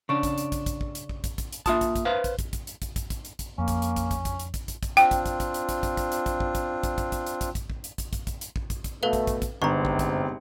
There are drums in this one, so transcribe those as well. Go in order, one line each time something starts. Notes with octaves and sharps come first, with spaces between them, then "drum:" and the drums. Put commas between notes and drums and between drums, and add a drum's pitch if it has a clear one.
C#3 D4 C#6
drum: kick, hi-hat
drum: hi-hat
drum: kick, hi-hat
drum: kick, hi-hat
drum: kick
drum: hi-hat
drum: kick
drum: kick, hi-hat
drum: kick, hi-hat
drum: hi-hat
A#3 F4 E5 A5 D#6, drum: kick, hi-hat
drum: kick, hi-hat
drum: kick, hi-hat
B4 C5 F5
drum: kick, hi-hat
drum: kick, hi-hat
drum: kick, hi-hat
drum: hi-hat
drum: kick, hi-hat
drum: kick, hi-hat
drum: kick, hi-hat
drum: hi-hat
drum: kick, hi-hat
F2 A#3 C#4
drum: kick, hi-hat
drum: hi-hat
drum: kick, hi-hat
drum: kick, hi-hat
drum: kick, hi-hat
drum: hi-hat
drum: kick, hi-hat
drum: kick, hi-hat
drum: kick, hi-hat
C4 D4 F4 G5, drum: hi-hat
drum: kick, hi-hat
drum: kick, hi-hat
drum: kick, hi-hat
drum: hi-hat
drum: kick, hi-hat
drum: kick, hi-hat
drum: kick, hi-hat
drum: hi-hat
drum: kick, hi-hat
drum: kick
drum: kick, hi-hat
drum: kick, hi-hat
drum: kick, hi-hat
drum: kick, hi-hat
drum: hi-hat
drum: kick, hi-hat
drum: kick, hi-hat
drum: kick
drum: hi-hat
drum: kick, hi-hat
drum: kick, hi-hat
drum: kick, hi-hat
drum: hi-hat
drum: kick
drum: kick, hi-hat
drum: kick, hi-hat
B2 A3 A4 B4 F5
drum: kick, hi-hat
drum: kick, hi-hat
drum: kick, hi-hat
G1 G#2 C3 C4 A#5 C#6
drum: kick
drum: kick, hi-hat